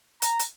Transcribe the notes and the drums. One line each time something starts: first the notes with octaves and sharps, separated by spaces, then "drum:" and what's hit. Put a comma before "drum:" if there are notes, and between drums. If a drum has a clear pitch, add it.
A#5, drum: hi-hat
drum: hi-hat